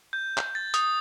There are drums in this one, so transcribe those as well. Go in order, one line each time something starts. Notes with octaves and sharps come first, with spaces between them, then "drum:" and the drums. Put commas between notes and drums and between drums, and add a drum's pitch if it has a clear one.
G6
drum: clap
A6
D#6, drum: hi-hat